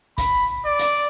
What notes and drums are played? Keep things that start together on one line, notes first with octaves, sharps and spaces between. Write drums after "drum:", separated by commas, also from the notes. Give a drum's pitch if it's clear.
B5, drum: kick, hi-hat
D5
drum: hi-hat